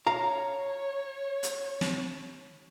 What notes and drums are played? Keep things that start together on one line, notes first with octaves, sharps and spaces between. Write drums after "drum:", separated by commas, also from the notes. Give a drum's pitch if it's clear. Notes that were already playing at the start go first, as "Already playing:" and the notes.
C#5 F5 A#5
drum: hi-hat
drum: snare